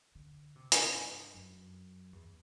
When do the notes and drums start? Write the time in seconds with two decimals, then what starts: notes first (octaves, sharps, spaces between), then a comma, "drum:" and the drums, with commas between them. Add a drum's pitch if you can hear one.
0.15 D3
0.56 C3
0.72 drum: hi-hat
0.94 G2
1.34 F#2
2.13 E2